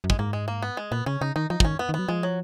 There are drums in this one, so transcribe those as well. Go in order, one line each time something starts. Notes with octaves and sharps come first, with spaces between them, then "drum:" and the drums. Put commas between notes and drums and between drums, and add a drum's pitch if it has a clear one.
F#2
G#3, drum: kick
G#2 A#3
G#3
A#3
B3
G#3
A#2 B3
C#3 C#4
C#3 D#4
D#3 D#4
F3 D#4
F3, drum: kick
D#3 C#4
B3
D#3
F#3 B3
F3 G#3
F#3